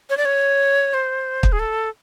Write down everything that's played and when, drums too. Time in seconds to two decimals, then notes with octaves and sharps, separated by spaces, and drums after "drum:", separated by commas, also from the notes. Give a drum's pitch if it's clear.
0.10 C#5
0.17 D5
0.25 C#5
0.94 C5
1.43 drum: kick
1.52 G#4
1.59 A4